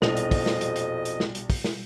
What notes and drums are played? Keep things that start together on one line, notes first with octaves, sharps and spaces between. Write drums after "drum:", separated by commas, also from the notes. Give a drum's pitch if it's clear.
A#1 F2 B2 E4 D#5 F7, drum: snare
drum: hi-hat
drum: kick, open hi-hat
drum: snare
drum: hi-hat
drum: hi-hat
drum: hi-hat
drum: snare
drum: hi-hat
drum: kick, open hi-hat
drum: snare